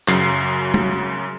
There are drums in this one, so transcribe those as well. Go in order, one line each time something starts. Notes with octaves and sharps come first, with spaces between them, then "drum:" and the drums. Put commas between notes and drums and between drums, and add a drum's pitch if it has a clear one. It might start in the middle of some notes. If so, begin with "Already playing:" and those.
F#2 C#3 F#3 C7, drum: clap
drum: tom F#3